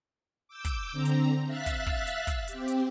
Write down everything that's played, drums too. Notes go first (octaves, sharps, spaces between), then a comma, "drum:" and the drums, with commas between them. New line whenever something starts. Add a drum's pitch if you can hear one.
D6 E6 G6
drum: kick, hi-hat
D3 C4 A#5
drum: hi-hat
E5 F5 F#6 A6 B6
drum: kick, hi-hat
drum: kick
drum: hi-hat
drum: kick, hi-hat
C4 G4, drum: hi-hat
drum: hi-hat